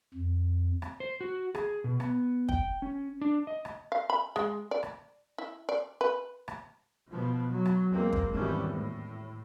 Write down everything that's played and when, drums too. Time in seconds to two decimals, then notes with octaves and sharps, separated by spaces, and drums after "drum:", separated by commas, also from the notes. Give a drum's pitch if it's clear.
0.14 F2
0.82 drum: rim click
1.00 C5
1.21 F#4
1.55 G#4, drum: rim click
1.84 B2
2.00 B3, drum: rim click
2.49 G5, drum: kick
2.82 C#4
3.21 D4
3.47 D#5
3.65 drum: rim click
3.92 F5
4.10 B5
4.36 G#3, drum: rim click
4.71 D5
4.83 drum: rim click
5.38 E4
5.69 D5
6.01 B4
6.48 drum: rim click
7.10 B2 F3 B3
7.52 F#3
7.66 drum: rim click
7.91 E2 G#3 A#3 C4
8.13 drum: kick
8.31 G#1 E3 G3 B3 C#4
8.72 A2